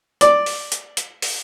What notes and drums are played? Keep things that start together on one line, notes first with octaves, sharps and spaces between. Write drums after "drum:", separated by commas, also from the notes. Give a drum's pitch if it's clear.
D5, drum: hi-hat
drum: open hi-hat
drum: hi-hat
drum: hi-hat
drum: open hi-hat